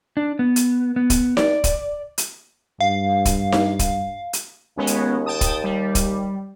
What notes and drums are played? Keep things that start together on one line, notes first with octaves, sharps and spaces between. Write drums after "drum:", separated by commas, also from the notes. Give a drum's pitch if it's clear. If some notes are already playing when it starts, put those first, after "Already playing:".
D4
B3
drum: hi-hat
B3
drum: kick, hi-hat
D5, drum: snare D#4
drum: kick, hi-hat
drum: hi-hat
G2 F5
drum: kick, hi-hat
drum: snare D#4
drum: kick, hi-hat
drum: hi-hat
D#2 G#3 B3 C#4
drum: hi-hat
G5 A5 D#6
drum: kick, hi-hat
G3
drum: kick, hi-hat